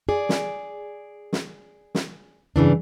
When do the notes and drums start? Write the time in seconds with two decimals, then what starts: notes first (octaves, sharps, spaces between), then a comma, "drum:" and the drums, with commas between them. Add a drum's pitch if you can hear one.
0.09 G#4 D5
0.29 drum: snare
1.33 drum: snare
1.95 drum: snare
2.56 G2 C#3 E3 D4